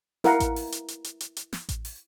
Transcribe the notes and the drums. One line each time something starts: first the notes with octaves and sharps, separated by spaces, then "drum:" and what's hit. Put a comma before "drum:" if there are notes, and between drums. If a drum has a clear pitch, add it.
E4 A#4 F5 F#5, drum: snare
drum: kick A1, hi-hat
drum: open hi-hat
drum: hi-hat
drum: hi-hat
drum: hi-hat
drum: hi-hat
drum: hi-hat
drum: snare
drum: kick A1, hi-hat
drum: open hi-hat